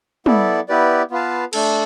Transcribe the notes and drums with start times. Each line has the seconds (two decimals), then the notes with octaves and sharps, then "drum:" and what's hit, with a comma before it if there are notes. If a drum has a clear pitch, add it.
0.26 B3 E4 A4 D5, drum: tom
0.69 B3 E4 G4 B4 D5
1.11 B3 F4 B4 F5 A5
1.53 A3 D4 A4, drum: cymbal